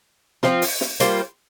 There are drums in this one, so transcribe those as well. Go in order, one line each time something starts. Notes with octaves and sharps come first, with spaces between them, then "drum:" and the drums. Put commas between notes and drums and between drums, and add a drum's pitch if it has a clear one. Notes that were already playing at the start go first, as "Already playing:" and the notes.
F3 C4 F4, drum: snare
drum: open hi-hat
drum: snare
G3 A#3 F4 C5, drum: hi-hat